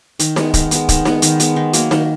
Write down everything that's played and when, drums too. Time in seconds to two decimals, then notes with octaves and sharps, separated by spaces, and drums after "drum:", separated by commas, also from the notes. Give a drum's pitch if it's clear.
0.19 D#3, drum: hi-hat
0.36 G#3 B3, drum: snare D#4
0.54 D#3, drum: kick D1, hi-hat
0.71 G#3 B3, drum: hi-hat
0.89 D#3, drum: kick D1, hi-hat
1.05 G#3 B3, drum: snare D#4
1.22 D#3, drum: hi-hat
1.40 G#3 B3, drum: hi-hat
1.56 D#3
1.73 F#3 A#3, drum: hi-hat
1.91 D#3, drum: snare D#4